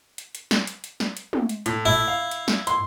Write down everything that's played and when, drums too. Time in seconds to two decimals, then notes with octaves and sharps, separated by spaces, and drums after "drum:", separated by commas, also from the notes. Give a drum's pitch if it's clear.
0.18 drum: hi-hat
0.35 drum: hi-hat
0.51 drum: snare
0.67 drum: hi-hat
0.84 drum: hi-hat
1.00 drum: snare
1.17 drum: hi-hat
1.33 drum: tom
1.49 drum: hi-hat
1.66 A2, drum: hi-hat
1.86 E4
2.08 F5
2.31 drum: hi-hat
2.48 drum: snare
2.67 C6, drum: hi-hat